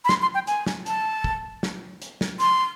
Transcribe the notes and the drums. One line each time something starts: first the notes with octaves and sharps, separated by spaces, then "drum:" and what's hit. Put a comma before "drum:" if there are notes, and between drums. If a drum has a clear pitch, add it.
B5
C6, drum: snare
C6
G5
G#5, drum: hi-hat
drum: snare
A5, drum: hi-hat
drum: kick
drum: snare
drum: hi-hat
drum: snare
C6, drum: hi-hat